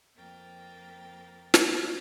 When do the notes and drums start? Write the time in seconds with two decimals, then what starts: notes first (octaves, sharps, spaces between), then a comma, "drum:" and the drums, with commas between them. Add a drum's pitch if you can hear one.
0.16 F2 A#3 A#4 G5 A6
1.54 drum: snare